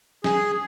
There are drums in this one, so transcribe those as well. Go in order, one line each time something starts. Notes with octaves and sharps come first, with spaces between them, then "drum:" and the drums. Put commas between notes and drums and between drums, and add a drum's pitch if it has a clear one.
G#4, drum: snare